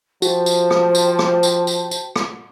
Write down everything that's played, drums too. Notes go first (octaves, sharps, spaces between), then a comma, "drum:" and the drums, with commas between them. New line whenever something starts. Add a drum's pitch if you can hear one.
F3 F#4 C5 G5 A5, drum: tambourine
drum: tambourine
drum: rim click
drum: tambourine
drum: rim click
drum: tambourine
drum: tambourine
drum: tambourine
drum: rim click